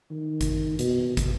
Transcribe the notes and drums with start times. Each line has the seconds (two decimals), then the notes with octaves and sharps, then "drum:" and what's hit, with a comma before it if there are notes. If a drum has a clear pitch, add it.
0.11 D#3
0.41 drum: kick, hi-hat
0.79 B2, drum: hi-hat
1.17 drum: kick, hi-hat